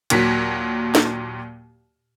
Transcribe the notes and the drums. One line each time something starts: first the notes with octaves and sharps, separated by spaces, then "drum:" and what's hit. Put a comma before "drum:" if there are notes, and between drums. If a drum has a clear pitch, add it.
D#2 A#2 F#3 B6, drum: hi-hat
drum: snare